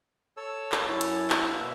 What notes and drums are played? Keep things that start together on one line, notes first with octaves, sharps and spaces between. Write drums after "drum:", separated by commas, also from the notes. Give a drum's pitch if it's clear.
A4 C#5 E6
drum: clap
F#2 E4 C#5 A5
drum: hi-hat
drum: clap
B2 A#3 E5